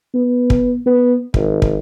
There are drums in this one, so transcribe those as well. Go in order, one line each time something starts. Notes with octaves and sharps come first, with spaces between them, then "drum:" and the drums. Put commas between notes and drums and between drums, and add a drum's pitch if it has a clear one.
B3
drum: kick
B3
G#1, drum: kick
drum: kick